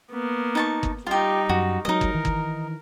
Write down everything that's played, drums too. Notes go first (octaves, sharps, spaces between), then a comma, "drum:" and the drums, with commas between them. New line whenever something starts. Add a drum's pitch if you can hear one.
A#3 B3
D#4 A5 C#6
drum: kick G1
G3 D#4 F4 G4
F#2 F#4
F#3 G#3 D#4 A#4 D#5
drum: kick G1
D#3 E3
drum: kick G1